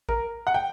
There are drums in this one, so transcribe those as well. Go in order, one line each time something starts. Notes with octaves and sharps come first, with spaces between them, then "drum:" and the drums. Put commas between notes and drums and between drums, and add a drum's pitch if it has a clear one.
A#4, drum: kick
F#5
G5